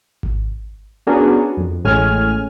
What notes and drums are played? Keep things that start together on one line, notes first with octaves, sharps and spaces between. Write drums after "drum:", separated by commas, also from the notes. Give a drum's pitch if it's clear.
drum: kick G#1
B3 C#4 D4 F#4 G#4 A#4
F2
A1 A2 G#3 C#4 G#5 F6